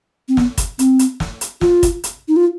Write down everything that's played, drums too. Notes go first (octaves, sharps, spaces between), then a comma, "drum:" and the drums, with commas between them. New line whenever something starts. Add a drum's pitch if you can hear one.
C4
B3, drum: snare
drum: kick, hi-hat
C4, drum: hi-hat
drum: hi-hat
drum: snare
drum: hi-hat
F4, drum: snare
drum: kick, hi-hat
drum: hi-hat
D#4
F4